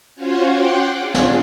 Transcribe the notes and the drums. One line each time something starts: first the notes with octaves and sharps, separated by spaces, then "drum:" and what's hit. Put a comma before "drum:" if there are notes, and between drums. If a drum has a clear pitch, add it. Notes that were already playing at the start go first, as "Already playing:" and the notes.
C#4 F4 F#4 C5 C#5
F#5 G5 C6 D6
D4 F4 G#4
drum: snare